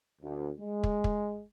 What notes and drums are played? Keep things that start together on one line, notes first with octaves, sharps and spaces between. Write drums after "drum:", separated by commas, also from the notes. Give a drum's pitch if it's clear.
D2
G#3
drum: kick
drum: kick